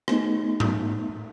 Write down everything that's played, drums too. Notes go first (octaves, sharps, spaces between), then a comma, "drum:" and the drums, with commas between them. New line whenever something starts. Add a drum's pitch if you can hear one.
A3 B3 D#4, drum: rim click
drum: tom G#2